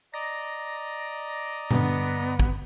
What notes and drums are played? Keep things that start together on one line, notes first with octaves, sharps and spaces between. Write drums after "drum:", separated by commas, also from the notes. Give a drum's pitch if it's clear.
D5 D#5 A#5 A#6
G2 D3 B3, drum: tom A#2
drum: kick